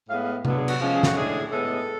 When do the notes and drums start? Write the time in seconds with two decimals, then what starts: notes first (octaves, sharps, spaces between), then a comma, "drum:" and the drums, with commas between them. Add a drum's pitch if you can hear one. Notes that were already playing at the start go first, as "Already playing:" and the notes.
0.09 A2 G#3 B3 F5
0.21 F5
0.45 D3 F#3 B3 D4 B4, drum: tom C3
0.57 G#4
0.68 F#4, drum: cymbal
0.81 F3 G#3 C#4
0.92 G#4
1.03 F#4, drum: snare
1.15 A2 G#3 D4 G#4
1.51 A2 G#3 B3 A4